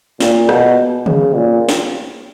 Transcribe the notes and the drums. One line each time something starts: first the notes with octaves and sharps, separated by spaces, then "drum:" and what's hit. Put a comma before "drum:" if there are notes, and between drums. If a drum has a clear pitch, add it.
A#2, drum: snare
B2, drum: rim click
C#3, drum: tom C#3
A#2
drum: snare